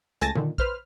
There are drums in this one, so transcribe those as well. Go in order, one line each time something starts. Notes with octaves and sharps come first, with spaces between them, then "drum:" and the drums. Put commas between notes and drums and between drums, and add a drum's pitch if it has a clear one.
C#2 A3 G#5 A5 A6 A#6, drum: hi-hat
A#2 D3 D#3, drum: tom A#2
B4 C5 F6, drum: kick